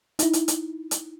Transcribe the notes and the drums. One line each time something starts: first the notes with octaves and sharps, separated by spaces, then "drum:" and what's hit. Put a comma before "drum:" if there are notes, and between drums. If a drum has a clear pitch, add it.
D#4 E4, drum: hi-hat
drum: hi-hat
drum: hi-hat
drum: hi-hat